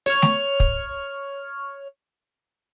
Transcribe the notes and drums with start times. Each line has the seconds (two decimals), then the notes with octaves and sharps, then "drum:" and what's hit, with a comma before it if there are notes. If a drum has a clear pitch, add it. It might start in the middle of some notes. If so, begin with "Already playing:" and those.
0.06 C#5 F6, drum: open hi-hat
0.22 drum: snare A3
0.60 drum: kick